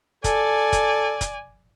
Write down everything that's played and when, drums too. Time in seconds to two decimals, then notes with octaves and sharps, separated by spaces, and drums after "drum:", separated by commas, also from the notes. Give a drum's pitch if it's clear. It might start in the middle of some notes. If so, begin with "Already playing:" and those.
0.24 A4 D5 G#5, drum: kick, hi-hat
0.73 drum: kick, hi-hat
1.21 drum: kick, hi-hat